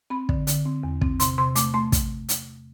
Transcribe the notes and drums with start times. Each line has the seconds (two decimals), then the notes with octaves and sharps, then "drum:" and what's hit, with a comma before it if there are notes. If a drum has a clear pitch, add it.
0.10 C4 B5
0.29 D3, drum: kick
0.47 D3, drum: hi-hat
0.65 C4
0.83 E2
1.01 C4, drum: kick
1.20 C3 C6, drum: hi-hat
1.38 C3 C6
1.55 A3 D6, drum: hi-hat
1.74 A3 C6
1.92 drum: kick, hi-hat
2.29 drum: hi-hat